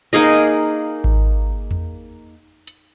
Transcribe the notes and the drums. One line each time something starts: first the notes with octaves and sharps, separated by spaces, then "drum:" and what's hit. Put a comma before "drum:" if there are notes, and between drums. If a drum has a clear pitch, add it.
A#3 D#4 G#4 D#5, drum: cymbal
drum: kick G#1
drum: tom E2
drum: hi-hat